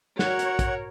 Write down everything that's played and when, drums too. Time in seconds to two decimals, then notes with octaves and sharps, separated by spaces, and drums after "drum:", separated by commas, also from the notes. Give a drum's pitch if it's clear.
0.19 F#4 A#4 C#5 F#5, drum: snare
0.39 drum: hi-hat
0.59 drum: kick, hi-hat